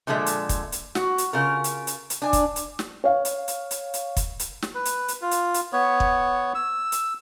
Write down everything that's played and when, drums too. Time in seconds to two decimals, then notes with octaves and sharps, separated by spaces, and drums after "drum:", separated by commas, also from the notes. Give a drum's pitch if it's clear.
0.07 A#2 D3 F3 G#3 E5
0.26 drum: hi-hat
0.49 drum: kick, hi-hat
0.72 drum: hi-hat
0.95 F#4, drum: snare
1.18 drum: hi-hat
1.33 C#3 F4 A#4
1.64 drum: hi-hat
1.87 drum: hi-hat
2.10 drum: hi-hat
2.22 D4 G#5
2.33 drum: kick, hi-hat
2.56 drum: hi-hat
2.79 drum: snare
3.04 C#5 F5
3.25 drum: hi-hat
3.48 drum: hi-hat
3.71 drum: hi-hat
3.94 drum: hi-hat
4.17 drum: kick, hi-hat
4.39 drum: hi-hat
4.62 drum: snare
4.75 B4
4.85 drum: hi-hat
5.08 drum: hi-hat
5.22 F4
5.31 drum: hi-hat
5.54 drum: hi-hat
5.73 B3 C#5
6.00 drum: kick
6.55 E6
6.92 drum: hi-hat